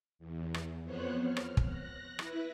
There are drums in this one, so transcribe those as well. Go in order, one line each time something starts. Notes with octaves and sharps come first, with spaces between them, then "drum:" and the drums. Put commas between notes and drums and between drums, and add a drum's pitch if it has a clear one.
E2
drum: rim click
F2 B3 C5 C#5 F#6
F6
drum: rim click
drum: kick
F#6 A#6
E4 B4, drum: rim click